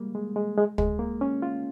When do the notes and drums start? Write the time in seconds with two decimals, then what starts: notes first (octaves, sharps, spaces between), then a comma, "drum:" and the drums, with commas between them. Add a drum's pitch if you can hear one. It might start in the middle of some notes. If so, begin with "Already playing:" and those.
Already playing: G3 G#3 A#3
0.15 G#3
0.36 G#3
0.57 G#3
0.78 G#3, drum: kick
0.99 A#3
1.21 C#4
1.42 F4